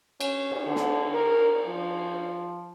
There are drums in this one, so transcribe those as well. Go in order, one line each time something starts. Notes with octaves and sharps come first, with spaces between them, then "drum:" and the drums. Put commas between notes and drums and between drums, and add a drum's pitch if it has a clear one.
C#4, drum: cymbal
drum: cymbal
D3
drum: snare
A#4
F3